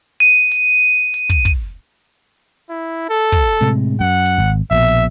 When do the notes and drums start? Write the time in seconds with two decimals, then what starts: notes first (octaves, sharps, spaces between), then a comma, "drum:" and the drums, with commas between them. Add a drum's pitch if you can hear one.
0.20 D#7
0.52 drum: hi-hat
1.14 drum: hi-hat
1.30 drum: kick
1.45 drum: kick, open hi-hat
2.70 E4
3.10 A4
3.32 drum: kick
3.61 A2 C3 G#3, drum: hi-hat
4.00 F#2 F#5
4.26 drum: hi-hat
4.38 G#1
4.71 A#1 B2 E5
4.88 drum: hi-hat